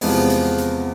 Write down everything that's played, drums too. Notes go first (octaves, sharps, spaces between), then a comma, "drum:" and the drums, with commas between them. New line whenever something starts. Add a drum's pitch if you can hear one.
E2 C3 F3 G#3 B3, drum: open hi-hat
drum: hi-hat
drum: hi-hat